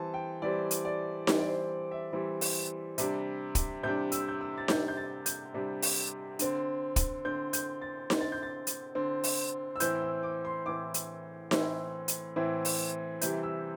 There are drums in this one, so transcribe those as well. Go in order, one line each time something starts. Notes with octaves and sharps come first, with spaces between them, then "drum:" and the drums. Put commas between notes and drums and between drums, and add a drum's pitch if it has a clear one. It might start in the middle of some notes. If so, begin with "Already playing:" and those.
Already playing: E3 G3 C4 A5
G5
E3 G3 C4 D5
drum: hi-hat
D5
E3 G3 C4 C5, drum: snare D#4
D5
C5
E5
E3 G3 C4
drum: open hi-hat
C3 G3 D4, drum: hi-hat
drum: kick, hi-hat
C3 G3 D4 G6
E6, drum: hi-hat
G6
E6
A6
C3 G3 D4 G6, drum: snare D#4
G6
A6
G6, drum: hi-hat
C3 G3 D4
drum: open hi-hat
D3 C4, drum: hi-hat
drum: kick, hi-hat
D3 C4 G6
G6, drum: hi-hat
A6
D3 C4, drum: snare D#4
A6
G6
A6
drum: hi-hat
D3 C4
drum: open hi-hat
E6
A2 E3 C4 G6, drum: hi-hat
E6
D6
C6
A2 E3 C4 D6
drum: hi-hat
A2 E3 C4, drum: snare D#4
drum: hi-hat
A2 E3 C4
drum: open hi-hat
C3 E3 G3 G6, drum: hi-hat
E6